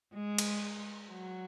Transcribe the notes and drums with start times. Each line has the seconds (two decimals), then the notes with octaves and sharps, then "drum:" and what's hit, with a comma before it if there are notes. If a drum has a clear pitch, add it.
0.14 G#3
0.38 drum: cymbal
1.11 F#3